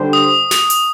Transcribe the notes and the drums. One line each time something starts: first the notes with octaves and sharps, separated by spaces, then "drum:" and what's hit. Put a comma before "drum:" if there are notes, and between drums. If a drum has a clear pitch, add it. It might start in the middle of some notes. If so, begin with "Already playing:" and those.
Already playing: D3 G3 D4 G4 C5
D#6
drum: snare
drum: hi-hat